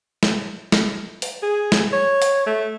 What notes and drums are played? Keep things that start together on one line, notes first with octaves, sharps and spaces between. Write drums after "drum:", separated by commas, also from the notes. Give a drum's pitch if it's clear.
drum: snare
drum: snare
drum: open hi-hat
G#4
drum: snare
C#5
drum: open hi-hat
A3